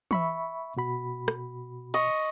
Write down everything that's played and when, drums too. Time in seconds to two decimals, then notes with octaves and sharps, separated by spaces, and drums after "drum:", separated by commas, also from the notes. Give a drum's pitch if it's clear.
0.11 E5 B5 C#6, drum: tom E3
0.77 B2 F#4 B5
1.28 drum: rim click
1.94 D#5 C#6, drum: cymbal